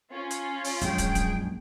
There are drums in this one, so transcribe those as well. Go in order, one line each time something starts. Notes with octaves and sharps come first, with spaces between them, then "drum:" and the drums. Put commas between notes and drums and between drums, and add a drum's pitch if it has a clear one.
C#4 F4
drum: hi-hat
drum: open hi-hat
A#1 F#2 G#3 G#4 G5 G6, drum: hi-hat
drum: kick, hi-hat
drum: kick, hi-hat